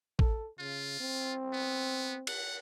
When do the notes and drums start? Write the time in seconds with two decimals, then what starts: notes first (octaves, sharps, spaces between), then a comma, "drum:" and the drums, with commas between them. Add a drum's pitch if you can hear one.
0.19 A4, drum: kick A1
0.59 C#3 F4
1.01 C4
1.53 B3
2.27 F#5, drum: cymbal